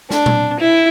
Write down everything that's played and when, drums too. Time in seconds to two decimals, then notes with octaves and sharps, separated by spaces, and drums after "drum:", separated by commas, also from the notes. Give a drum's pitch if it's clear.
0.11 D4, drum: snare
0.26 drum: tom A#2
0.59 E4